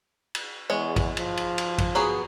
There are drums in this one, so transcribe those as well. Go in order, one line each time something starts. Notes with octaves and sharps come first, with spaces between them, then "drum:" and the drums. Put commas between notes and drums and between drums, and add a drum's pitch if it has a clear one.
drum: cymbal
E2 G#3 C#5
drum: kick A1, cymbal
F3, drum: cymbal
drum: cymbal
drum: cymbal
drum: kick A1, cymbal
F#3 B3 G#4